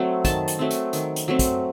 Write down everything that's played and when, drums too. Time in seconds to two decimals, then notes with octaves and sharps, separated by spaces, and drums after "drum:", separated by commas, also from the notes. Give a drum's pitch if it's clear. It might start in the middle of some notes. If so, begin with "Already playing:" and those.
Already playing: F#3 A3 C4
0.25 D#3 A5, drum: kick, hi-hat
0.48 drum: hi-hat
0.59 F#3 A3 C4
0.71 drum: hi-hat
0.93 D#3, drum: hi-hat
1.16 drum: hi-hat
1.28 F#3 A3 C4
1.39 drum: kick, hi-hat